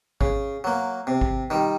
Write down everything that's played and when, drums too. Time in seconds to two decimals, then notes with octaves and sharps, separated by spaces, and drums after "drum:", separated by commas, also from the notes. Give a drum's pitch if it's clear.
0.21 C#3, drum: kick G#1
0.64 F#3 A#3
1.07 C3
1.21 drum: kick G#1
1.50 D#3 G3